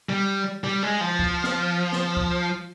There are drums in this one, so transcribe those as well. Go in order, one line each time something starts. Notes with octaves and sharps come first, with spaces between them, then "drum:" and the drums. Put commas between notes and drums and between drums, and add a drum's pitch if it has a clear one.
G3
G3
G#3
F3
drum: kick
drum: snare
drum: snare
drum: kick